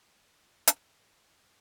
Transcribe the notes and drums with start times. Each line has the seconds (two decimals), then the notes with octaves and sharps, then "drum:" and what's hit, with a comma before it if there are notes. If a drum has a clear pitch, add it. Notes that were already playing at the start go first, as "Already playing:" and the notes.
0.18 F2
0.67 G2, drum: hi-hat
1.17 G2